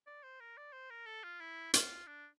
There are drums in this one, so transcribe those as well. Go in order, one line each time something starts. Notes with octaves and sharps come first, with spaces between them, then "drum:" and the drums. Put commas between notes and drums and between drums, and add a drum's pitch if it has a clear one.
D5
C5
A#4
D5
C5
A#4
A4
F4
E4
F4, drum: hi-hat
D4